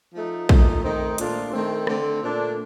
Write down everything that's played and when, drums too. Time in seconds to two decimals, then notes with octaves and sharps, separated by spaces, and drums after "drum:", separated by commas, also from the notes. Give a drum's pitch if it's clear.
0.14 F3 A3 D#4
0.49 A#2 A3 D#4, drum: kick
0.84 D#3 A3 C4 D#4
1.18 A#2 A3 D4 F4, drum: hi-hat
1.53 D#3 A3 C4
1.87 D3 A3 C4, drum: rim click
2.22 A#2 A3 D4